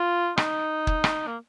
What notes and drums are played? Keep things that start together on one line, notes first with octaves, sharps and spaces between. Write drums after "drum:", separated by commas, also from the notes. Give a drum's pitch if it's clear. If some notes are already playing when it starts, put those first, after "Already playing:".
Already playing: F4
D#4, drum: rim click
drum: kick
drum: rim click
A#3